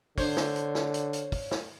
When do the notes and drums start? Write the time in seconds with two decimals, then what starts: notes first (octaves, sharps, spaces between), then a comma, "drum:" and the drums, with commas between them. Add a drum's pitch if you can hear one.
0.18 D3 D4 C5 C#5, drum: kick, open hi-hat
0.37 drum: snare
0.56 drum: hi-hat
0.75 drum: snare
0.94 drum: hi-hat
1.13 drum: hi-hat
1.32 drum: kick, open hi-hat
1.51 drum: snare